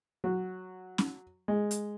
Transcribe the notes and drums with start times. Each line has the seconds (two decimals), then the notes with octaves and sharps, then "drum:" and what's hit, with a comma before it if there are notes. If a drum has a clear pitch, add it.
0.24 F#3
0.98 drum: snare C#4
1.48 G#3
1.71 drum: hi-hat